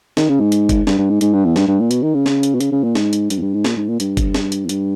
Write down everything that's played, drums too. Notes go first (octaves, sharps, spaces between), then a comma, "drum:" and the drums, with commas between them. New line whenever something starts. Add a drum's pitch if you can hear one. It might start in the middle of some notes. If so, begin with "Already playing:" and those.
D#3, drum: snare
C#3
G#2
drum: hi-hat
drum: kick F#1, hi-hat
G2, drum: snare
G2
G#2
G#2, drum: hi-hat
G2
E2
G2, drum: snare
G2
A#2
B2, drum: hi-hat
D#3
C#3
drum: snare
drum: hi-hat
B2
C#3, drum: hi-hat
C#3
A#2
G#2, drum: snare
drum: hi-hat
G2, drum: hi-hat
E2
G2
G#2
A#2, drum: snare
G#2
A#2
G2, drum: hi-hat
drum: kick F#1, hi-hat
drum: snare
drum: hi-hat
E2
G2, drum: hi-hat